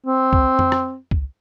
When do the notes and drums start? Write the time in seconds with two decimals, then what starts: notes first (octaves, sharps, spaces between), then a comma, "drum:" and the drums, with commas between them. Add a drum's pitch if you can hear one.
0.06 C4
0.33 drum: kick C#2
0.59 drum: tom F2
0.72 drum: rim click
1.11 drum: kick C#2